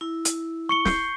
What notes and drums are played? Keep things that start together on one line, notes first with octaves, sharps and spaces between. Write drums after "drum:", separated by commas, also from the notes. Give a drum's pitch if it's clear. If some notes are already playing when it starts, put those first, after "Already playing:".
E4
drum: hi-hat
C#6 C#7 G7
G6 C7, drum: snare